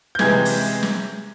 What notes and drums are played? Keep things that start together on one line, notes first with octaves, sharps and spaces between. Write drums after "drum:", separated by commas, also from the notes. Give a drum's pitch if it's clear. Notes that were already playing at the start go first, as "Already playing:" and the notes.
G6
C3 E3 G#3 G#6, drum: snare
drum: open hi-hat
drum: snare